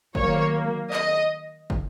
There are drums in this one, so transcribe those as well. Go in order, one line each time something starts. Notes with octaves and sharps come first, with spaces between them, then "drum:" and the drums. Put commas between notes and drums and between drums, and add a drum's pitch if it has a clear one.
D#3 F#3 A#3 C#5, drum: kick
D#5, drum: clap
drum: kick